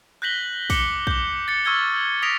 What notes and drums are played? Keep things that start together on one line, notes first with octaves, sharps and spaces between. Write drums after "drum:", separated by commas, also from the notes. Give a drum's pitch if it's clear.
F#6 G6 A#6 B6 F#7 G7
D6 C#7 G7, drum: kick, open hi-hat
D6 G6, drum: kick
A6 C#7
C#6 E6 F6 G#6 G7
D#6 A#6 B6 D7 F7